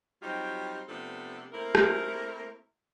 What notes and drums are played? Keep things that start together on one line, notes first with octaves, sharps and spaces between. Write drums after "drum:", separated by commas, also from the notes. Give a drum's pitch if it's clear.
F#3 G3 C4 D#4 F4 G4
C3 F3 A3 B3 D4 A4
A3 A#3 C4 E4 A#4
drum: rim click